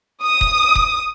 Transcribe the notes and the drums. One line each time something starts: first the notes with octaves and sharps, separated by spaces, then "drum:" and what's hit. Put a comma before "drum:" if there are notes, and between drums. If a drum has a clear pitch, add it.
D#6
drum: kick E1
drum: kick E1